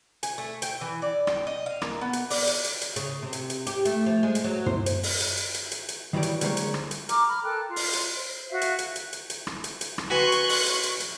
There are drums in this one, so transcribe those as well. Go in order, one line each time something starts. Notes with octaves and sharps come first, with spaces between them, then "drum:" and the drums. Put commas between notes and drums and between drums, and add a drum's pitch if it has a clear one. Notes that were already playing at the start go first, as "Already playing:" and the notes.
G#5, drum: hi-hat
A3
G5, drum: hi-hat
E3
D5
G5, drum: rim click
D#5
F5
A#3, drum: rim click
B3
drum: hi-hat
D5, drum: open hi-hat
drum: hi-hat
drum: hi-hat
drum: hi-hat
C#3, drum: hi-hat
C3
drum: hi-hat
drum: hi-hat
G4, drum: hi-hat
A3, drum: hi-hat
F3
G#3
drum: hi-hat
F#3
C5, drum: tom
drum: hi-hat
drum: open hi-hat
drum: hi-hat
drum: hi-hat
drum: hi-hat
drum: hi-hat
drum: hi-hat
D#3 E3 F#3 G3 D5
drum: hi-hat
D3 G3 G#3 A#3 C5 C#5, drum: hi-hat
drum: hi-hat
drum: rim click
drum: hi-hat
A#5 D6 F6, drum: hi-hat
A#5 B5 F6
A4 A#4 G5 F#6
F4
drum: open hi-hat
drum: hi-hat
C5
F#4 E5 F5
drum: hi-hat
drum: hi-hat
drum: hi-hat
drum: hi-hat
drum: hi-hat
drum: rim click
drum: hi-hat
drum: hi-hat
drum: rim click
F#4 B4 G#5 C6 C#6 F#6
drum: hi-hat
drum: open hi-hat
drum: hi-hat
drum: hi-hat
drum: hi-hat